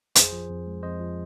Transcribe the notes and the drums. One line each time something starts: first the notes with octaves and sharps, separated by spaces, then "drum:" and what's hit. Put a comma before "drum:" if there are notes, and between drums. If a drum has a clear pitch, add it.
F2 G#4 C5, drum: hi-hat
F3
F2
G#3
F2 C5 D#5
F3